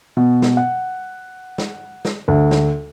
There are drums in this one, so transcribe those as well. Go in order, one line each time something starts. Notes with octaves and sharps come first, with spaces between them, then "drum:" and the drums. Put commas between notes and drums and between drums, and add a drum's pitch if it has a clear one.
B2
drum: snare
F#5
drum: snare
drum: snare
D2
drum: snare